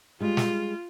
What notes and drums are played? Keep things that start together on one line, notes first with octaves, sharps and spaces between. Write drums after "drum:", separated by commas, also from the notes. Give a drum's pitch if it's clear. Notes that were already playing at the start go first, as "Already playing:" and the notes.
G3 G#3 F4
drum: snare